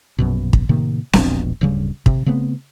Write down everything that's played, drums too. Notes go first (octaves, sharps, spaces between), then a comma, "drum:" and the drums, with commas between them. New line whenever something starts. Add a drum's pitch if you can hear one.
A#1 F#2 B2
drum: kick
A2 C3 D#3 A#3
E1 A#1 B2 D4, drum: snare C4
D1 G2 C#3 G3
C3, drum: kick
C#3 A3 B3 C4